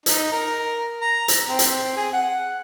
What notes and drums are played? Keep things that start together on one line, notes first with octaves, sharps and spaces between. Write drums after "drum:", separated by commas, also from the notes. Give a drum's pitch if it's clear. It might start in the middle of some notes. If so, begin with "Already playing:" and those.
D#4, drum: hi-hat
A#4
A#5
drum: hi-hat
C4
drum: hi-hat
G#4
F#5